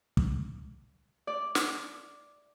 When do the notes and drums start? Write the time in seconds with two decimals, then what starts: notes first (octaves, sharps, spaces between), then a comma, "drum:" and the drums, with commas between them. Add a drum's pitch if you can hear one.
0.17 drum: kick
1.27 D5
1.55 drum: snare